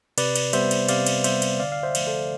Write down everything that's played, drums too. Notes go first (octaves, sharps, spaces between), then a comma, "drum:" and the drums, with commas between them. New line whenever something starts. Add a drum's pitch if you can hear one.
C3 B4 D5, drum: cymbal
drum: cymbal
G3 B3 C5 E5, drum: cymbal
drum: cymbal
C3 D5 F5, drum: cymbal
drum: cymbal
G3 B3 C5 E5, drum: cymbal
drum: cymbal
D3 D5 F5
F5
C5 E5
F3 A3, drum: cymbal
A4 C5